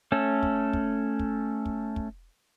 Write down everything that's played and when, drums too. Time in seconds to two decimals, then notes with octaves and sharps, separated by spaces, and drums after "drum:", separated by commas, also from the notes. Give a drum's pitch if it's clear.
0.12 A3 C#4 A4
0.43 drum: kick
0.73 drum: kick
1.19 drum: kick
1.66 drum: kick
1.96 drum: kick